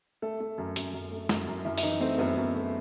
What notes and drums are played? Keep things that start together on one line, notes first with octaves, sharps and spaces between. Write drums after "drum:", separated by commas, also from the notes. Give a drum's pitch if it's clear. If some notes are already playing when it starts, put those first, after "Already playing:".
A3 A4
A3
F#2
F#2, drum: hi-hat
F#2
A3
F#2, drum: snare
F#2
F#2 E4
E4, drum: open hi-hat
E3 D#4
A3 C4
F#2 B3
F#2
A3